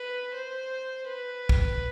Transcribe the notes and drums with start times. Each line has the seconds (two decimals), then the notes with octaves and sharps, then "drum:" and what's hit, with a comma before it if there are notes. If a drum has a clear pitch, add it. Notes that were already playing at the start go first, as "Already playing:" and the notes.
Already playing: B4
0.34 C5
1.08 B4
1.49 drum: kick